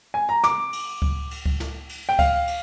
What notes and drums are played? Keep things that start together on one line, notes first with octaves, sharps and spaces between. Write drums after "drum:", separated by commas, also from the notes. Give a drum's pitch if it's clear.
G#5
A#5
D6, drum: snare
drum: cymbal
drum: kick C#2
drum: cymbal
drum: kick C#2
drum: snare
drum: cymbal
G5
F5, drum: kick C#2, cymbal
drum: cymbal